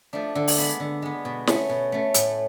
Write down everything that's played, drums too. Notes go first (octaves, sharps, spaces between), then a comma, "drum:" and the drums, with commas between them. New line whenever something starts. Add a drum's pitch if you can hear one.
F3 A3 D4
D3
drum: open hi-hat
G#3 B3
D3
G#3 B3
B2
A3 C#4, drum: snare
B2
A3 C#4
A2, drum: hi-hat